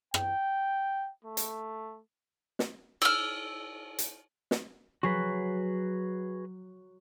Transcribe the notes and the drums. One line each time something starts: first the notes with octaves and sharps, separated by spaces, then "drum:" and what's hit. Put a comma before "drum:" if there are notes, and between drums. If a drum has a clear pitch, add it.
G5, drum: rim click
A3
drum: hi-hat
drum: snare
E6 F6, drum: cymbal
drum: hi-hat
drum: snare
F#3 F#4 G#4 B4